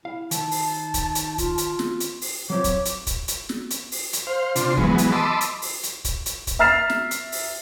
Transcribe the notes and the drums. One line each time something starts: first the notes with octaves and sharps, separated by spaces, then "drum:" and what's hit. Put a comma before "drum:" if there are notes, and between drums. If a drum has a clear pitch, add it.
E4 F5
D#3 D#4 A5, drum: hi-hat
drum: open hi-hat
drum: kick, hi-hat
drum: hi-hat
F4, drum: kick, hi-hat
drum: hi-hat
drum: snare
drum: hi-hat
drum: open hi-hat
F#3 C4 F4 C#5 D6
drum: kick, hi-hat
drum: hi-hat
drum: kick, hi-hat
drum: hi-hat
drum: snare
drum: hi-hat
drum: open hi-hat
drum: hi-hat
C5 F5
C3 D4 F4 C6, drum: hi-hat
E3 F#3 G#3 B3, drum: kick
drum: hi-hat
D#5 A5 B5 C6 D6 E6
drum: hi-hat
drum: open hi-hat
drum: hi-hat
drum: kick, hi-hat
drum: hi-hat
drum: kick, hi-hat
E5 A#5 F6 A6 C7 E7
drum: snare
drum: hi-hat
drum: open hi-hat